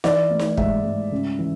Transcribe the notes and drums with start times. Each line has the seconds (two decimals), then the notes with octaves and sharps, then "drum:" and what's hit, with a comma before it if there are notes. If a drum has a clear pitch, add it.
0.04 E3 D5, drum: snare
0.30 A3
0.39 drum: snare
0.57 G#2 E5, drum: kick
0.84 G#2
1.12 C#3
1.39 E3